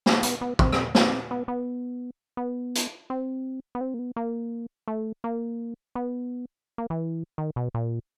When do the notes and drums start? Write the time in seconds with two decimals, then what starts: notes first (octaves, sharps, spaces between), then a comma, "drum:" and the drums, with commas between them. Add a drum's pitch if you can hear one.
0.06 drum: snare
0.23 B3, drum: hi-hat
0.41 B3
0.59 C4, drum: kick
0.72 drum: rim click
0.95 C4, drum: snare
1.31 B3
1.48 B3
2.37 B3
2.75 drum: hi-hat
3.10 C4
3.75 B3
3.81 C4
3.94 A#3
3.99 B3
4.16 A#3
4.88 A3
5.24 A#3
5.95 B3
6.78 A#3
6.90 E3
7.38 D#3
7.56 B2
7.74 A#2